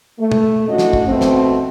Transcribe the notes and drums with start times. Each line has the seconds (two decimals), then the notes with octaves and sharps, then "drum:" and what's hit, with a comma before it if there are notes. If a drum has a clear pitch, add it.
0.19 A3
0.32 drum: tom
0.68 A2 D3 C#4 F#4 D#5
0.78 drum: snare
0.93 drum: kick
1.07 B2 A3 C4
1.21 drum: snare